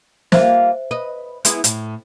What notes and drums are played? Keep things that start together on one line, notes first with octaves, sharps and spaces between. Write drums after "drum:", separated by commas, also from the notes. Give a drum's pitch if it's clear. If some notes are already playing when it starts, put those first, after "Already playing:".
G3 A#3 F4 C5 E5, drum: snare
B4 D#5
G#3 B3 E4, drum: hi-hat
A2, drum: hi-hat